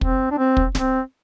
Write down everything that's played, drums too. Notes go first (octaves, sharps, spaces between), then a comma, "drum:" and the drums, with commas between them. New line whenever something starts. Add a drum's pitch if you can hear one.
C4, drum: kick
D4
C4
drum: kick
C4, drum: snare D1